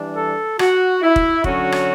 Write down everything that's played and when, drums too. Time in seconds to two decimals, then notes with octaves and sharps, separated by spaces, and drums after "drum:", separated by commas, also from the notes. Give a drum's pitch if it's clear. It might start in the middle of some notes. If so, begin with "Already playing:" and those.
Already playing: E3 G3 D4
0.17 A4
0.59 F#4, drum: rim click
1.02 E4
1.16 drum: kick
1.44 D3 F#3 C#4 F#4, drum: kick
1.72 drum: rim click